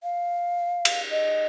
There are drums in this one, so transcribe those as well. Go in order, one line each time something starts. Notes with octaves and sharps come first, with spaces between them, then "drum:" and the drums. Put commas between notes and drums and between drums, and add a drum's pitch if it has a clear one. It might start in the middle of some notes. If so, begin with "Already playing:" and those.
F5
drum: cymbal
D#5